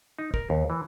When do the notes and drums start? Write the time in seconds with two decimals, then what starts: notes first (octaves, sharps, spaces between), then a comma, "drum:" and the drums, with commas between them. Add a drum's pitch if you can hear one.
0.19 D#4
0.34 A#4, drum: kick
0.50 D#2
0.70 E3